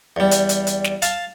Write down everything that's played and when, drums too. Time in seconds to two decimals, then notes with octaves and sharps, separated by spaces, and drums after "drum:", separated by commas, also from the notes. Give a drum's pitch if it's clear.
0.16 E2 G3
0.31 drum: hi-hat
0.49 drum: hi-hat
0.67 drum: hi-hat
0.84 drum: snare
1.02 F5 A5, drum: hi-hat